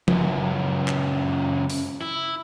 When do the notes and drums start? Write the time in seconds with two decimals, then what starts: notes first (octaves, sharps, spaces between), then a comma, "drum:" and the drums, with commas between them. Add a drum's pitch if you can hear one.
0.08 C#2 F#2, drum: tom F3
0.88 drum: clap
1.70 drum: open hi-hat
2.01 E4